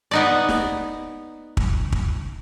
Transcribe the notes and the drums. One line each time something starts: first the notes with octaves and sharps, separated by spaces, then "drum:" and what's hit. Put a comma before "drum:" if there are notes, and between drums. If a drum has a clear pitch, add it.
B3 D#4 D5
drum: snare
drum: kick
drum: kick